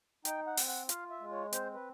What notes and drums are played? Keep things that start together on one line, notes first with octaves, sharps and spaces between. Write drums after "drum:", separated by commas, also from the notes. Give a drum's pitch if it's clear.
D#4 G5, drum: hi-hat
F#5
C4, drum: open hi-hat
F#5
F4 F5, drum: hi-hat
E5
G#3
C#5
C4 C5, drum: hi-hat
B4